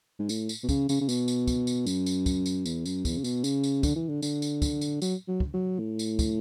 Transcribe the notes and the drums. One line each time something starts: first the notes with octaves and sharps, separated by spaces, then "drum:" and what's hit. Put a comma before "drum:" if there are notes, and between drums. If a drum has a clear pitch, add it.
G#2
A2, drum: tambourine
drum: tambourine
B2
C#3, drum: kick, tambourine
C#3, drum: tambourine
C#3
B2, drum: tambourine
drum: tambourine
drum: kick, tambourine
drum: tambourine
F#2, drum: tambourine
drum: tambourine
drum: kick, tambourine
drum: tambourine
E2, drum: tambourine
F#2, drum: tambourine
E2, drum: kick, tambourine
C#3
B2, drum: tambourine
C#3, drum: tambourine
drum: tambourine
D3, drum: kick, tambourine
E3
D3
D3, drum: tambourine
drum: tambourine
drum: kick, tambourine
drum: tambourine
F#3, drum: tambourine
F#3
drum: kick
F#3
A2
drum: tambourine
drum: kick, tambourine